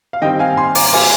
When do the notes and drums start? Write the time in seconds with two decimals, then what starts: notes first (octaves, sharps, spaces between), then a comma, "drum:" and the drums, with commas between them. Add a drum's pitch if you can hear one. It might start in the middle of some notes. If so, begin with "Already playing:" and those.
0.13 F5
0.22 D#3 G3 C4 D#5 G5
0.39 F5 G#5
0.57 G#5 C6
0.75 A#5 D6, drum: open hi-hat
0.93 F5 G#5, drum: cymbal